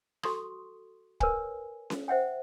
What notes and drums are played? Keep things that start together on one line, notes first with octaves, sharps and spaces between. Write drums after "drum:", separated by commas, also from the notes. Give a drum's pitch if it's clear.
F#4 A4 C6 C#6 D#6, drum: rim click
A#4 B4 C#5 G#5, drum: kick
drum: snare C#4
C5 E5 F#5 G5